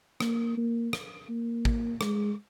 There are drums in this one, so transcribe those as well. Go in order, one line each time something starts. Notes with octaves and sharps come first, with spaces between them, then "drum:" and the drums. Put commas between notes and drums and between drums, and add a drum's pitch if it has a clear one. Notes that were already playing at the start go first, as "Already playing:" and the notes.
A#3, drum: rim click
A#3
drum: rim click
A#3
drum: kick
G#3, drum: rim click